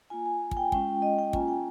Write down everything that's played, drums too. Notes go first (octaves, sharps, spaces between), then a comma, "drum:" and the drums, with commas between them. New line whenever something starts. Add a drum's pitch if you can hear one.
A#3 F4 G#5
G#5
G#5, drum: kick
G5
G#3 C#4 F4 G5, drum: kick
D#5
G5
A#3 C#4 F4 G#5, drum: kick
G5